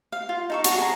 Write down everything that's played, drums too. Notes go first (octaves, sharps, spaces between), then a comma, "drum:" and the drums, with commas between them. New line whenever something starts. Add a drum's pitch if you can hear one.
F5
F4
D#4 A4 C#6
F#4 C#5 A5, drum: hi-hat
G#4 A#5